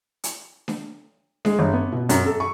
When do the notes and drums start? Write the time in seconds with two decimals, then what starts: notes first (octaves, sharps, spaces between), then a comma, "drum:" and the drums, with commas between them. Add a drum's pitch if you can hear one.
0.24 drum: hi-hat
0.68 drum: snare D4
1.45 G#3, drum: snare D4
1.59 G1
1.73 B3
1.92 B2
2.09 F#2, drum: hi-hat
2.26 A4
2.40 C#6